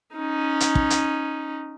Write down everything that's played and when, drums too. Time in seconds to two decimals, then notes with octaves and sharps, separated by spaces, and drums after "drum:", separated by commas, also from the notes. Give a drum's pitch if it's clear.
0.16 C#4 D#4
0.60 drum: hi-hat
0.75 drum: kick
0.90 drum: hi-hat